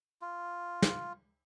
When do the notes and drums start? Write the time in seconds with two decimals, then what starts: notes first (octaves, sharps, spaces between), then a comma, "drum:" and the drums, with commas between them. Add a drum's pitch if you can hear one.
0.22 F4
0.82 drum: snare